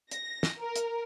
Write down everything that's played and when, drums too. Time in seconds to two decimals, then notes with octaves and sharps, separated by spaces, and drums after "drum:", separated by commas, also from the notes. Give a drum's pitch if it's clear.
0.11 A#6, drum: hi-hat
0.43 drum: snare
0.59 A#4
0.76 drum: hi-hat